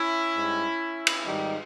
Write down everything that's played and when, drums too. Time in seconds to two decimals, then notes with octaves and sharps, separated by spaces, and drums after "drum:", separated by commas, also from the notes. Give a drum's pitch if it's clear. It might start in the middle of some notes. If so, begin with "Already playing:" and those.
Already playing: C#4 E4
0.36 G#2 G3
1.07 drum: cymbal
1.26 G#2 D#3 G3 D#4 G4